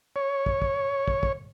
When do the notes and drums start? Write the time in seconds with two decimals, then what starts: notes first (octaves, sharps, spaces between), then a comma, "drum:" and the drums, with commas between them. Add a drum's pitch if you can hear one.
0.16 C#5
0.46 drum: kick
0.62 drum: kick
1.08 drum: kick
1.23 drum: kick